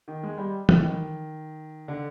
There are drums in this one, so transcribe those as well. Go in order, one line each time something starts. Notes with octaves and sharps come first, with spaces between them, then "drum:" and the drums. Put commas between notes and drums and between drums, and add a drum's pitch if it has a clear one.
D#3
G#3
G3
D#3, drum: tom
E3
D#3
D3